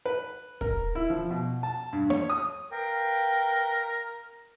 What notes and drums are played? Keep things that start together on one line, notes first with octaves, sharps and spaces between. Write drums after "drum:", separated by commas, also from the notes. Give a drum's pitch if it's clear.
B4
A#4, drum: kick
E4
F3
B2
A5
G2
C#5, drum: snare
D#6
A#4 B4 F5 G5